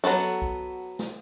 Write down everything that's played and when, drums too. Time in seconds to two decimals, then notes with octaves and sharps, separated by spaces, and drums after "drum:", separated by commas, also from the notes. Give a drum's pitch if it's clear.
0.04 F#3 B3 F#4 A4
0.42 drum: kick
0.99 drum: snare